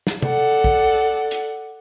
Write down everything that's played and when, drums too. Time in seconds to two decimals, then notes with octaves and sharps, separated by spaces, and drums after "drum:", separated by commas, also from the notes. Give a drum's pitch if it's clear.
0.07 drum: snare
0.22 A4 D5 F#5, drum: tom
0.64 drum: kick
1.31 drum: hi-hat